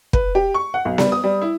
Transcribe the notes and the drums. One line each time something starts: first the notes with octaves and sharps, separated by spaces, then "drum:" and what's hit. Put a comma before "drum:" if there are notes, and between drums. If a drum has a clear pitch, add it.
B4, drum: kick
G4
C#6
F#5
B1
G3, drum: snare B3
D#6
G3
E4